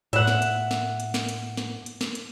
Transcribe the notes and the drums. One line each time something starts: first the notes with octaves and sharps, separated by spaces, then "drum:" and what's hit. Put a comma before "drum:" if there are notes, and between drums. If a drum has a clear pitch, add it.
A2 E5 F#5, drum: hi-hat
drum: snare
drum: hi-hat
drum: snare
drum: hi-hat
drum: snare
drum: hi-hat
drum: snare
drum: hi-hat
drum: snare
drum: hi-hat